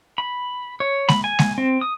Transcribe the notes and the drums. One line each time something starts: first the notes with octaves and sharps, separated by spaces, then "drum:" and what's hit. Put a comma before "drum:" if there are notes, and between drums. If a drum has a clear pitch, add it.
B5
C#5
B5, drum: snare G#3
G#5
drum: snare G#3
C4
D#6